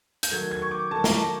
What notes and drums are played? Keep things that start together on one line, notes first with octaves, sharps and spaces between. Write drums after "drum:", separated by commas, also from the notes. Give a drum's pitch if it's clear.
G6, drum: hi-hat
D#3 F#3 A3 G#6
G#6
C#6
D6
D#3 F#3 A3 A5
A#5, drum: snare
A5